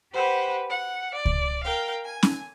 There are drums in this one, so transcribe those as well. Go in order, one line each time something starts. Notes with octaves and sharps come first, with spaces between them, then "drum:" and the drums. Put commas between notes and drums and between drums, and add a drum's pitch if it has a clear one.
G4 B4 C5 F#5
F#5
D5
drum: kick C#2
A#4 F5 G5
G#5
drum: snare